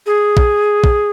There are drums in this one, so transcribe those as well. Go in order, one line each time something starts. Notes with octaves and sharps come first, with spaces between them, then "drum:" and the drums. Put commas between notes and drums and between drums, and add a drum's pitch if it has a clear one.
G#4
drum: kick
drum: kick